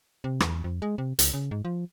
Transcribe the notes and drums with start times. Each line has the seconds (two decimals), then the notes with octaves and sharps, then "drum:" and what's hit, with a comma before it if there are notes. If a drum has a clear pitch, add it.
0.24 C3
0.40 E2, drum: rim click
0.64 F2
0.82 G#3
0.98 C3
1.19 C#2, drum: hi-hat
1.34 C#3
1.51 G#2
1.65 F3